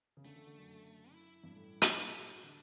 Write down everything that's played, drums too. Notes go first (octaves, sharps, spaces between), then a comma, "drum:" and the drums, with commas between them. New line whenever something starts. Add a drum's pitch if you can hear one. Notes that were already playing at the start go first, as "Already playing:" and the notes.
C#3
D3 A3
D3
D3
F#2
E4
G2
A2
drum: hi-hat
F#4
G4
G4
F#4
D3 D4